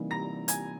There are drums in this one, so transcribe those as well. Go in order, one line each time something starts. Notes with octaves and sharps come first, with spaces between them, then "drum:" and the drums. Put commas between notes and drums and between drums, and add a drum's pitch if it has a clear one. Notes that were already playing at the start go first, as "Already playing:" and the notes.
Already playing: C3 E3 G3 A#3 D#4
A#5 A#6
G#5 G#6, drum: hi-hat